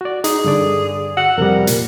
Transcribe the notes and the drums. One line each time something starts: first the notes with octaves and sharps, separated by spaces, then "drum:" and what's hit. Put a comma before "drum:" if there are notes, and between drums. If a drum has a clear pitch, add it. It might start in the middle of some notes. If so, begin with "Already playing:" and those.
F#4 D5
D#4 G#4, drum: hi-hat
G2 D3 D5
F#5 E6 F#6
F2 C3 G3 A#4
A#2, drum: hi-hat